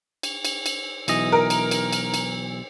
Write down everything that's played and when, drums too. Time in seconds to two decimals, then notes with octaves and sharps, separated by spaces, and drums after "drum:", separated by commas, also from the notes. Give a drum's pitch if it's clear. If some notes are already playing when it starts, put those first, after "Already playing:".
0.23 drum: cymbal
0.45 drum: cymbal
0.66 drum: cymbal
1.08 B1 E3 D#5, drum: cymbal
1.32 A#4
1.50 drum: cymbal
1.71 drum: cymbal
1.93 drum: cymbal
2.14 drum: cymbal